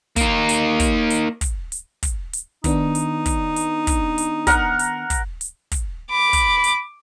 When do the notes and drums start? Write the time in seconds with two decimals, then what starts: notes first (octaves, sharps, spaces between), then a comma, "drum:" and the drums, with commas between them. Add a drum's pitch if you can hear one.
0.16 A#3 D#4, drum: kick, hi-hat
0.49 drum: hi-hat
0.80 drum: kick, hi-hat
1.10 drum: hi-hat
1.41 drum: kick, hi-hat
1.72 drum: hi-hat
2.03 drum: kick, hi-hat
2.33 drum: hi-hat
2.64 D#3 B3 D4 D#4, drum: kick, hi-hat
2.95 drum: hi-hat
3.26 drum: kick, hi-hat
3.56 drum: hi-hat
3.87 drum: kick, hi-hat
4.18 drum: hi-hat
4.47 A#4 F#5, drum: kick, hi-hat
4.79 drum: hi-hat
5.10 drum: kick, hi-hat
5.41 drum: hi-hat
5.72 drum: kick, hi-hat
6.12 B5 D6
6.33 drum: kick, hi-hat
6.64 drum: hi-hat